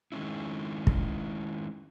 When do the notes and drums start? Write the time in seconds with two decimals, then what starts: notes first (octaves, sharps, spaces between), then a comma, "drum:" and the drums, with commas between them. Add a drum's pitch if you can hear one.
0.12 D#3 G#3 C#4 E4
0.87 drum: kick